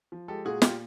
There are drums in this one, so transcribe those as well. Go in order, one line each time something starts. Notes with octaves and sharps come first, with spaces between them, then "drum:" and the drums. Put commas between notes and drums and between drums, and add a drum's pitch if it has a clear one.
F3
G#3 G4 A4
A#2 F#4 G#4
A#2 F4 G4, drum: snare